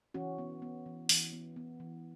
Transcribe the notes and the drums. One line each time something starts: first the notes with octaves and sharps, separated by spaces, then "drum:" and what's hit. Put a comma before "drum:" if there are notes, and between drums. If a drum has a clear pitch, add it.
E3 C#4 F#4
B3
B3
E3
E3, drum: open hi-hat
B3
B3
E3